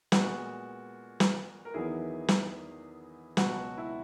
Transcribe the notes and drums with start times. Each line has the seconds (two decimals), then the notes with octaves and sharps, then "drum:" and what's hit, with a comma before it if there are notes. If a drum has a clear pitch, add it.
0.12 A#2 G#3 B3 F#4, drum: snare
1.20 drum: snare
1.65 A#4
1.74 E2 D#3 F#3 B3 E4 G#4
2.28 drum: snare
3.37 C#2 B2 F#3 F#4, drum: snare
3.78 E4